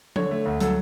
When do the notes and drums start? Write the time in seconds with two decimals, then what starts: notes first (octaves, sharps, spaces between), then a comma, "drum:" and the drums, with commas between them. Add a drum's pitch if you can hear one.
0.16 D3 C#5, drum: tom F3
0.31 A3
0.45 D2
0.60 F#3 A4, drum: hi-hat